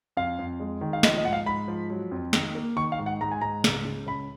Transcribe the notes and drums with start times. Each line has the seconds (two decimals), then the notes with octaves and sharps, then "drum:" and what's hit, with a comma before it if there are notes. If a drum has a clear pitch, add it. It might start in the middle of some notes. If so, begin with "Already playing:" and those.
0.17 F2 F5
0.39 F2
0.60 G#3
0.81 D#3
0.93 F5
1.03 F3 D#5, drum: snare
1.17 D#5
1.25 G#2 F#5
1.33 F5
1.46 G#2 B5
1.68 F3
1.90 F#3
2.11 F2
2.33 D#3, drum: snare
2.55 A#3
2.76 D#3 C#6
2.92 F5
2.99 G#2
3.06 F#5
3.21 G#2 A#5
3.32 G#5
3.41 G#2 A#5
3.64 C#2, drum: snare
3.85 C#3
4.07 C#2 B5